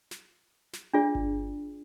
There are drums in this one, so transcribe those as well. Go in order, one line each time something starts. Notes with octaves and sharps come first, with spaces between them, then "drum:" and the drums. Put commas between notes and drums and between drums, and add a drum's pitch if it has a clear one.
drum: snare
drum: snare
D4 F4 G#4 D5
drum: kick G1